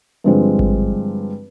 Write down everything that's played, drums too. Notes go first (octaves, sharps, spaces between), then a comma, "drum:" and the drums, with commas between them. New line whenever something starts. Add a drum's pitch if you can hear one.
G2 D3 F3 G#3 C4
drum: kick G#1